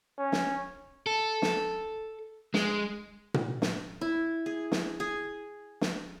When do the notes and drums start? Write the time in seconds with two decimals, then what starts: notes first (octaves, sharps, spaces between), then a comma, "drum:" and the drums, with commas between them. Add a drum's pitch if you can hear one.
0.19 C#4
0.32 drum: snare
1.06 A4
1.42 drum: snare
2.54 G#3, drum: snare
3.34 drum: tom A#2
3.62 drum: snare
4.01 E4
4.46 G#4
4.72 drum: snare
5.00 G#4
5.81 drum: snare